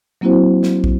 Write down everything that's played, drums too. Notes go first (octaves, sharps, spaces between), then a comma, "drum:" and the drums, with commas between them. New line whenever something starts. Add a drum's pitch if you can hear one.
F#3 A#3 C4 E4 F#4 C5
drum: snare
drum: kick